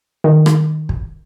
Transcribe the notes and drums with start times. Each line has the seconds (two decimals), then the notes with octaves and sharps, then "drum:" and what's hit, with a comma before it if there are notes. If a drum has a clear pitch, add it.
0.24 D#3
0.46 drum: rim click
0.89 drum: kick